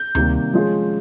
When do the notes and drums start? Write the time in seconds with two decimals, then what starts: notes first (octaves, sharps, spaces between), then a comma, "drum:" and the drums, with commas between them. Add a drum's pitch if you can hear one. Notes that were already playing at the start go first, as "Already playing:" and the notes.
Already playing: G6
0.15 C3 D#3 G3 A#3, drum: tom D2
0.53 F3 G#3 C#4 F4 G#4